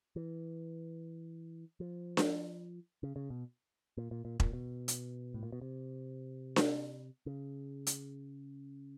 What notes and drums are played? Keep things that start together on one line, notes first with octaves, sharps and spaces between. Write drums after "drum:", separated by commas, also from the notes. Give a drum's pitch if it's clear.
E3
F3
drum: snare D4
C#3
C#3
B2
A#2
A#2
A#2
A#2, drum: kick E1
B2
drum: hi-hat
A2
A#2
B2
C3
drum: snare D4
C#3
drum: hi-hat